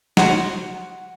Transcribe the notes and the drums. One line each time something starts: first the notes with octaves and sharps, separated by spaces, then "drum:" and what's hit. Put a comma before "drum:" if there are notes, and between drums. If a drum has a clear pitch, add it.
F#4 C6, drum: snare